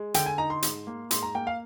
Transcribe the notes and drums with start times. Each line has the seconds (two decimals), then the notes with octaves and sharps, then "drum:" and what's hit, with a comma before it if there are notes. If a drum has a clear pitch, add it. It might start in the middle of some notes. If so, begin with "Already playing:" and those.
Already playing: G#3
0.14 D3 G5, drum: hi-hat
0.26 G#5
0.38 D#4 A#5
0.50 C6
0.62 G#2, drum: hi-hat
0.87 A#3
1.11 G#2 C6, drum: hi-hat
1.23 A#5
1.35 A#3 G5
1.47 F5